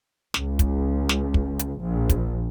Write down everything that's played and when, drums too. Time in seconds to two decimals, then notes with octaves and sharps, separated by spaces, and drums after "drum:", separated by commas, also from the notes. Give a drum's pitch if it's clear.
0.34 C#2, drum: snare
0.59 drum: kick, hi-hat
1.09 drum: snare
1.34 drum: kick
1.59 drum: hi-hat
1.80 A#1
2.09 drum: kick, hi-hat